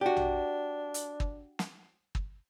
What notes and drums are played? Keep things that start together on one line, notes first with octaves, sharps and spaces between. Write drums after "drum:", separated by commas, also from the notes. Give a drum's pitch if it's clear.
D4 F#4 G4
drum: tom A#1
drum: hi-hat
drum: kick
drum: snare
drum: kick